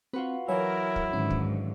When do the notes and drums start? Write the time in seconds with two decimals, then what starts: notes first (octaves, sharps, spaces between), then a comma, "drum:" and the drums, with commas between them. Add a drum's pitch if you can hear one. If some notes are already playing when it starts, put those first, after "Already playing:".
0.13 C4 F4 F#4 B4
0.48 E3 F#3 E4 A#4 C#5 G#5
0.96 drum: kick
1.13 G#2 D3 D#3 C#4
1.30 drum: kick